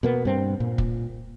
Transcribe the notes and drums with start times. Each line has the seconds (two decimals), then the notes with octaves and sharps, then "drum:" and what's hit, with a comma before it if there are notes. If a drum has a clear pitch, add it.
0.03 B2 A#3 B3
0.25 G2 C4
0.60 A#2
0.78 drum: kick